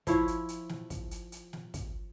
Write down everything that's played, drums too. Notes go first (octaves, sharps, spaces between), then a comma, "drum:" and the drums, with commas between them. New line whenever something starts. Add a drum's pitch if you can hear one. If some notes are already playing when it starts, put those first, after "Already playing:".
F3 E4 C#5, drum: kick, hi-hat
drum: hi-hat
drum: hi-hat
drum: snare
drum: kick, hi-hat
drum: hi-hat
drum: hi-hat
drum: snare
drum: kick, hi-hat